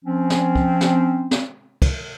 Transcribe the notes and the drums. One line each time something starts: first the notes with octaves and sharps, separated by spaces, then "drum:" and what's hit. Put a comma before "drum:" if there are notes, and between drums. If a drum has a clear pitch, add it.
F3 C4 C#4
drum: snare
drum: kick
drum: snare
drum: snare
drum: kick, cymbal